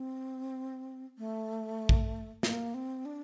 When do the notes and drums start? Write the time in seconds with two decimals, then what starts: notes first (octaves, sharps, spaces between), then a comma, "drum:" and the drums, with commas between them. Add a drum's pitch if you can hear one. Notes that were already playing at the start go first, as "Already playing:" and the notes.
Already playing: C4
1.18 A3
1.89 drum: kick
2.43 A#3, drum: snare
2.74 C4
3.05 D4